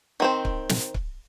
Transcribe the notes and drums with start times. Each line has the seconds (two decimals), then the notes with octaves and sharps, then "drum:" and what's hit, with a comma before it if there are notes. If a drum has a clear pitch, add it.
0.20 D#3 C4 C5
0.45 drum: kick C#1
0.70 drum: snare
0.94 drum: kick C#1